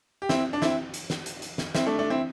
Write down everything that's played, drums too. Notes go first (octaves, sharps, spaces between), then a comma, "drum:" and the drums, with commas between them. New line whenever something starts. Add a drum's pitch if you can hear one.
G4
C4 E4, drum: snare
D4
C4 E4, drum: snare
drum: hi-hat
drum: snare
drum: hi-hat
drum: hi-hat
drum: snare
C4 E4, drum: snare
A3 D4
A3 D4
C4 E4